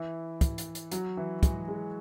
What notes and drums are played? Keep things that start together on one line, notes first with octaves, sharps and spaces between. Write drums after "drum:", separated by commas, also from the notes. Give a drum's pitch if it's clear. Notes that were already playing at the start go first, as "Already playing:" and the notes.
Already playing: E3 E4
drum: kick, hi-hat
drum: hi-hat
drum: hi-hat
F#3 F#4, drum: hi-hat
E3 E4
G#3 G#4, drum: kick, hi-hat
G#3 G#4